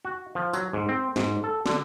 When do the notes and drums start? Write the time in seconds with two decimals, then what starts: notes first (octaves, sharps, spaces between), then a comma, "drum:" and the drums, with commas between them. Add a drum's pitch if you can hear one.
0.05 F#4
0.35 F3
0.53 F#3, drum: tambourine
0.73 G#2
0.89 C4
1.16 G#2, drum: snare
1.44 A4
1.66 D3, drum: snare